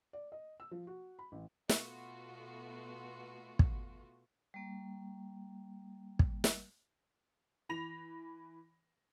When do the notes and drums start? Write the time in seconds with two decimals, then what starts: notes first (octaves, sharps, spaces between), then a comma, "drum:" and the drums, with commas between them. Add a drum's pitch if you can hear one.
0.13 D5
0.32 D#5
0.60 E6
0.71 F3
0.87 F#4
1.19 B5
1.32 A1
1.69 B2 A3 B3 F4 F#4, drum: snare
3.59 drum: kick
4.54 G3 A#3
6.19 drum: kick
6.44 drum: snare
7.69 E3 B5 A#6 F7